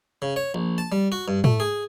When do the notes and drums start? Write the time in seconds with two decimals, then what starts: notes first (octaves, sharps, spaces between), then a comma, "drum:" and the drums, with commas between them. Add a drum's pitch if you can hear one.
0.22 C#3
0.36 C#5
0.54 A#1
0.78 A5
0.92 G3
1.12 F#4
1.28 G2
1.44 A3, drum: tom
1.60 G#4